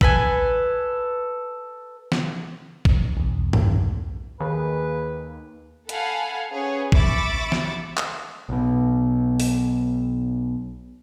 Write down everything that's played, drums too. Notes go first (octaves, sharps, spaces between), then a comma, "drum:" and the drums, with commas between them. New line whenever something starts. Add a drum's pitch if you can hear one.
A4 B4 G#5, drum: kick
drum: snare
drum: kick
B1 E2
drum: tom G2
D#2 A#3 G#4 B4
A4 F5 F#5 G#5 A5 B5, drum: hi-hat
C#4 G#4 B4 C#5
E5 B5 C#6 D6 E6 A6, drum: kick
drum: snare
drum: clap
B1 B2
drum: open hi-hat